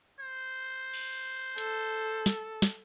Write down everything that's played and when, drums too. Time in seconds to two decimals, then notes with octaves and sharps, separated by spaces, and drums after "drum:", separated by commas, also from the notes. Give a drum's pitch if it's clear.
0.20 C5
0.94 drum: cymbal
1.58 A4, drum: hi-hat
2.26 drum: snare
2.62 drum: snare